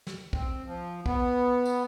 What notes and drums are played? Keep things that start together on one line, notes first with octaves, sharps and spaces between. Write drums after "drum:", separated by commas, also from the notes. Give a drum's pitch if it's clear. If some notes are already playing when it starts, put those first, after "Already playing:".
drum: snare
C4, drum: kick
F3
B3, drum: kick
drum: tambourine